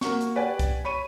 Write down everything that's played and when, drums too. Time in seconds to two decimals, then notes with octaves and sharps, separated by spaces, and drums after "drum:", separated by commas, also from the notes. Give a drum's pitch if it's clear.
0.01 A#3 F#4 C#6, drum: snare
0.21 drum: hi-hat
0.35 G4 B4 D5 F#5 G#5
0.59 drum: kick C2, hi-hat
0.85 C#5 B5 C#6 D#7